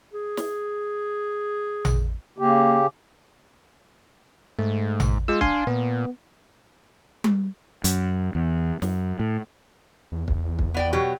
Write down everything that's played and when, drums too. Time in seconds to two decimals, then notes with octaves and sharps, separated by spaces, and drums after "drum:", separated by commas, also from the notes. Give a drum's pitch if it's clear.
0.13 G#4
0.37 drum: snare
1.85 drum: tom A1
2.38 C#3 A#3 G4
4.59 G#2 A3
5.00 drum: tom A1
5.28 G#3 F4 E6
5.41 D4 F5 G#5 C6, drum: kick
5.67 A#2 B3
7.24 drum: tom G3
7.84 F#2, drum: hi-hat
8.35 E2
8.82 F#2, drum: snare
9.20 A2
10.12 E2
10.28 E2, drum: kick
10.59 drum: kick
10.74 B3 D5 G5
10.93 B2 F#3 G4